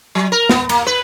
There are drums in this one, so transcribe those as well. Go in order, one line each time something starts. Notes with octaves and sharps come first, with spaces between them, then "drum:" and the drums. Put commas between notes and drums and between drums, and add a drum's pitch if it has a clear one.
F#3
A#4
B3, drum: snare
A#3, drum: cymbal
B4